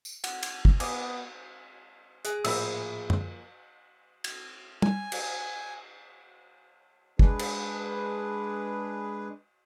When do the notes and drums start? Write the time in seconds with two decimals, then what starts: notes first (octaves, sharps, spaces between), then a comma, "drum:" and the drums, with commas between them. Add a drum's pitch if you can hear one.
0.05 drum: tambourine
0.24 F#5, drum: cymbal
0.43 drum: cymbal
0.65 drum: kick
0.80 B3 G#5 D6 D#6, drum: cymbal
2.25 G#4 G#5 F#6, drum: hi-hat
2.44 A2 F3 A#3 C5 E5 B5 E6, drum: cymbal
3.10 drum: tom
4.24 drum: cymbal
4.82 G#5, drum: tom
5.12 drum: cymbal
7.19 G#3 D4 G#4 B4, drum: kick
7.39 drum: cymbal